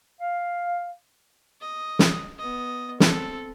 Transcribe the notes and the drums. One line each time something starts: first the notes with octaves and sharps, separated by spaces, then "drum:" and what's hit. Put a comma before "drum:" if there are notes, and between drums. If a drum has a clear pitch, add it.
F5
D#5
drum: snare
B3 D#5
C4 A4, drum: snare